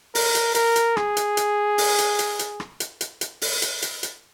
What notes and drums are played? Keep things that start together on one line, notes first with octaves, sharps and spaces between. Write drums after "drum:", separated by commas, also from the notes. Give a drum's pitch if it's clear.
A#4, drum: open hi-hat
drum: hi-hat
A#4, drum: hi-hat
drum: hi-hat
G#4, drum: rim click
drum: hi-hat
drum: hi-hat
drum: open hi-hat
drum: hi-hat
drum: hi-hat
drum: hi-hat
drum: rim click
drum: hi-hat
drum: hi-hat
drum: hi-hat
drum: open hi-hat
drum: hi-hat
drum: hi-hat
drum: hi-hat